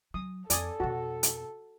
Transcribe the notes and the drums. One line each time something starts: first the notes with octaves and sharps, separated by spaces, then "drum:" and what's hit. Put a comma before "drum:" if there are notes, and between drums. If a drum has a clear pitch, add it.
F#3 D#6
F2 A4 D5 G#5 D#6, drum: hi-hat
F2 B2 F#4 A5
drum: hi-hat